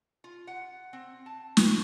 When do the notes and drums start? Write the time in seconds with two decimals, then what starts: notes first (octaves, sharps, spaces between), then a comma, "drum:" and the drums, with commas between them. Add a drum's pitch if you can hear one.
0.24 F4
0.47 F#5
0.93 C4
1.26 A5
1.57 A#3, drum: snare